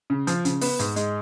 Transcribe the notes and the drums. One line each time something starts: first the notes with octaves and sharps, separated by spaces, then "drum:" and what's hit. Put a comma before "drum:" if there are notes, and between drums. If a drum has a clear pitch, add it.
C#3
F3, drum: hi-hat
C#3, drum: hi-hat
B3, drum: open hi-hat
G#2, drum: hi-hat
G#3, drum: hi-hat